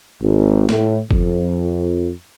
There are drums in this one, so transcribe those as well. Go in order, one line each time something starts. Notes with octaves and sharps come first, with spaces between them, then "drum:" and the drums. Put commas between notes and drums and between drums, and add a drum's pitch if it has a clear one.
G#1
A2, drum: snare
F2, drum: kick